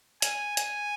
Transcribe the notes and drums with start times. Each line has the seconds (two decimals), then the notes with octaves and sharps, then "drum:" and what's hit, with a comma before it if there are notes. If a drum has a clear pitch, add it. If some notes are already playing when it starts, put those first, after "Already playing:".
0.22 G#5, drum: hi-hat
0.57 G#5, drum: hi-hat